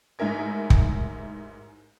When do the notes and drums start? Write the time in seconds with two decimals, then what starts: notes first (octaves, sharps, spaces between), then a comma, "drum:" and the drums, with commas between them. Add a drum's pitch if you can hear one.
0.19 A1 G#2 D#4 E4 A#4 G#6
0.70 drum: kick